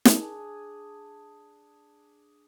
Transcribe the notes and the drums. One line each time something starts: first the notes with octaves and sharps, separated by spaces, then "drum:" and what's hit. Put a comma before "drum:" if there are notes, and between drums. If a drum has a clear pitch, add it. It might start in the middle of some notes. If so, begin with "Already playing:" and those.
D4 G#4, drum: snare